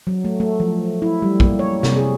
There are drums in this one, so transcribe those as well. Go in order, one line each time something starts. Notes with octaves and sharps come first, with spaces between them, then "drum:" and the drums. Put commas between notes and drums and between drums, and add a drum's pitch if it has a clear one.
F#3
A3
A3
F3
E4
G3
A#3, drum: kick A#1
C#5
C3, drum: snare
G#4